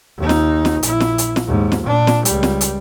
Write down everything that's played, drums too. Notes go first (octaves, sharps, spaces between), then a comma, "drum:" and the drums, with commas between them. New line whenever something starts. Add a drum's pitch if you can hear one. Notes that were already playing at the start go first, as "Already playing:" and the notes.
D#2 D#4
drum: snare
drum: snare
A#1 E4, drum: hi-hat
drum: snare
drum: hi-hat
drum: snare
D#2 G#2
drum: snare
A#2 D4
drum: snare
C#2 G3, drum: hi-hat
drum: snare
drum: hi-hat